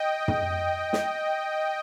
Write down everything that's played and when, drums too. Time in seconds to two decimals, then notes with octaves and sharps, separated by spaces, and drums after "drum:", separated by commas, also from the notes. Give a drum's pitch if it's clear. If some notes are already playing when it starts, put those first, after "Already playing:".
Already playing: D#5 G5
0.28 drum: tom
0.93 drum: snare